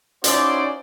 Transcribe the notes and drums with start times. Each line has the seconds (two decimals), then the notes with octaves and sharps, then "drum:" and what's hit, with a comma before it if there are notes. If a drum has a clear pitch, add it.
0.24 C#4 D#4 E4 F#4 C5 D5, drum: hi-hat